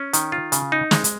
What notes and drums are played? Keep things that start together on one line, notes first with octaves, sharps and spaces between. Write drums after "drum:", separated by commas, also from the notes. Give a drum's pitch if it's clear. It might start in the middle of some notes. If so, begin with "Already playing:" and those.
Already playing: C#4
D#3, drum: hi-hat
F4
C#3, drum: hi-hat
D#4
G#3, drum: snare
drum: hi-hat